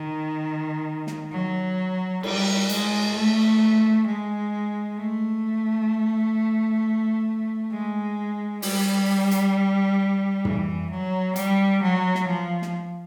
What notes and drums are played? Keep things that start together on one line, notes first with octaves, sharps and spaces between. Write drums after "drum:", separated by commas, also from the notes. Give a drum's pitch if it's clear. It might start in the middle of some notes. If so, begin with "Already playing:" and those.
Already playing: D#3
drum: snare
F#3
G3, drum: cymbal
G#3, drum: hi-hat
A3
G#3
A3
G#3
G3, drum: open hi-hat
drum: hi-hat
E3, drum: tom
F#3
G3, drum: hi-hat
F#3
drum: snare
F3
drum: snare